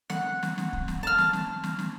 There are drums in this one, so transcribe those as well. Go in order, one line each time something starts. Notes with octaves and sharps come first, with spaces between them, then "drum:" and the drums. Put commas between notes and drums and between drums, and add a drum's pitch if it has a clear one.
F#5, drum: snare
drum: snare
drum: snare
drum: kick
drum: snare
A5 F6
drum: snare
drum: snare
drum: snare
drum: snare